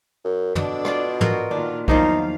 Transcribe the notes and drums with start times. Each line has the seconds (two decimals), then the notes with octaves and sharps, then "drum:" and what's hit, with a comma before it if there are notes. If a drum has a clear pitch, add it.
0.25 F#2
0.55 B2 D4 A4, drum: tom
0.85 F4 D5, drum: rim click
1.21 F4 F#4 A#4, drum: tom
1.51 A#2 D#3 D4 F4
1.88 E2 D#3 F3 F#3 A#3 D#4 F5, drum: kick